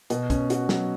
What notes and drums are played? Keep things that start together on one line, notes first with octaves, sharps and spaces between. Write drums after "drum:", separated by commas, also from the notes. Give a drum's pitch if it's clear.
B2, drum: hi-hat
C#4, drum: kick, hi-hat
F#4, drum: hi-hat
F#3, drum: snare